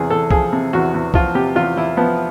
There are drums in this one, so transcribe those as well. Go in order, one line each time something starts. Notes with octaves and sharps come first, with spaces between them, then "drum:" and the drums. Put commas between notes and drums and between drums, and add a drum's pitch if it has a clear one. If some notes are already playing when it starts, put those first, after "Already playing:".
Already playing: E2 C3 G#4
E2 A4
F3 G#4, drum: kick
C3
E2 F#4
E2
F3 F4, drum: kick
C3 G4
E2 F4
E2 E4
F3 B3